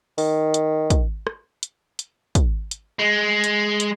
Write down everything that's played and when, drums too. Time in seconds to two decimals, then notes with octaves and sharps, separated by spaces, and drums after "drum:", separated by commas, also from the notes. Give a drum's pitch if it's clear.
0.18 D#3, drum: open hi-hat
0.54 drum: hi-hat
0.90 drum: kick, hi-hat
1.27 drum: rim click
1.63 drum: hi-hat
1.99 drum: hi-hat
2.35 drum: kick, hi-hat
2.71 drum: hi-hat
2.99 G#3
3.44 drum: hi-hat
3.80 drum: hi-hat